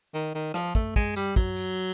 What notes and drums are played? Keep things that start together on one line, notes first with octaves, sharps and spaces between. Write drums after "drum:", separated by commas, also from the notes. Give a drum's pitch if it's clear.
D#3
D#3
F3, drum: rim click
A3, drum: kick
G#3, drum: kick
G3, drum: tambourine
F#3, drum: kick
drum: tambourine